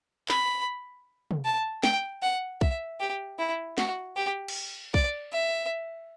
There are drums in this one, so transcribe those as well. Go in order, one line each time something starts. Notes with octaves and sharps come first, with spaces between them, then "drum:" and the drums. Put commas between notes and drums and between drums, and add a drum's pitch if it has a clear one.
B5, drum: clap
drum: tom
A5
G5, drum: snare
F#5
E5, drum: kick B1
G4
E4
F#4, drum: snare
G4
drum: cymbal
D5, drum: kick B1
E5